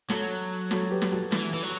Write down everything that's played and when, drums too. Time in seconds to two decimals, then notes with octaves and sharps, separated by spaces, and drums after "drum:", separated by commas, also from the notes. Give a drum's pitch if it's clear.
0.10 F#3 F#4 A4, drum: snare
0.71 F#4 A4, drum: snare
0.91 G4 B4
1.02 G4, drum: snare
1.12 F#4 A4
1.32 E3, drum: snare
1.53 E3
1.63 F#3